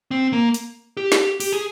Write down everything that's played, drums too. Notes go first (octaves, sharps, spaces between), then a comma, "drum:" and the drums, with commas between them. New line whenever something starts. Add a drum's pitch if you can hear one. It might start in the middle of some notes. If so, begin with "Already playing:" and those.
C4
A#3
drum: hi-hat
G4
drum: snare
G4, drum: open hi-hat
G#4